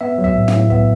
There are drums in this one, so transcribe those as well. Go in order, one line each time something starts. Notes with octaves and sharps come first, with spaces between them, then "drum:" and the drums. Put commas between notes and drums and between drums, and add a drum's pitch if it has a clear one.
B3 E5
F#3
E5, drum: kick
A2
F5, drum: snare
A2
B3 E5, drum: kick